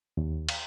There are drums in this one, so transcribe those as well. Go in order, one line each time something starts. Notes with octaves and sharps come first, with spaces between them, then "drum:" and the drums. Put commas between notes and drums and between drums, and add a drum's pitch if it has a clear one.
D#2
drum: cymbal